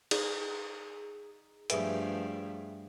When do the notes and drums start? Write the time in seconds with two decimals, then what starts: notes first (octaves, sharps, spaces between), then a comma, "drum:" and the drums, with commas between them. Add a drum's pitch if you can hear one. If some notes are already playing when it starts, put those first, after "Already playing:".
0.11 D#4 G#4, drum: cymbal
1.70 G2 F3 A3 G#4 B4 E5 D7, drum: hi-hat